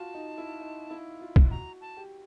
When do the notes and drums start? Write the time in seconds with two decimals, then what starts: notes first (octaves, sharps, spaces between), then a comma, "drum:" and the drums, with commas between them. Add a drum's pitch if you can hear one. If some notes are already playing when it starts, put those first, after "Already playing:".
Already playing: F4 F#4 A5
0.14 D#4
0.38 E4
0.61 D#4
0.90 E4
1.21 F4
1.36 drum: kick
1.50 F#4 A#5
1.81 A5
1.97 G4